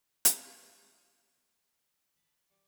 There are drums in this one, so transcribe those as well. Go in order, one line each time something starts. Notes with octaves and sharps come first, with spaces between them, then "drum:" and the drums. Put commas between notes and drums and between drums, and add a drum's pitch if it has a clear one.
G3, drum: hi-hat
A5 B5
G2 G3